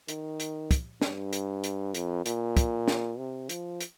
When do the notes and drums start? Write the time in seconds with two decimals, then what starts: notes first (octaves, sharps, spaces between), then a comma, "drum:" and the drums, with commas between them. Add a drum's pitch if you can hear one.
0.08 D#3, drum: hi-hat
0.40 drum: hi-hat
0.71 drum: kick, hi-hat
1.01 G2, drum: snare
1.33 drum: hi-hat
1.64 drum: hi-hat
1.95 F2, drum: hi-hat
2.26 A#2, drum: hi-hat
2.57 drum: kick, hi-hat
2.88 drum: snare
3.19 C3
3.49 F3, drum: hi-hat
3.81 drum: hi-hat